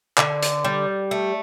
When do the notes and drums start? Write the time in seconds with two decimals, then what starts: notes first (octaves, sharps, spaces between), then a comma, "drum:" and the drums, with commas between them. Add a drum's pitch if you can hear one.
0.18 D3, drum: clap
0.42 drum: hi-hat
0.64 G3
1.11 A3